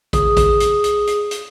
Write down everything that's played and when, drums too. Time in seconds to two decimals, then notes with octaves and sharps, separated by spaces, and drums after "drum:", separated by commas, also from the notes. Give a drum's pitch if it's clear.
0.13 G#4 D#6, drum: kick A1, hi-hat
0.37 drum: kick A1, hi-hat
0.60 drum: hi-hat
0.84 drum: hi-hat
1.07 drum: hi-hat
1.31 drum: hi-hat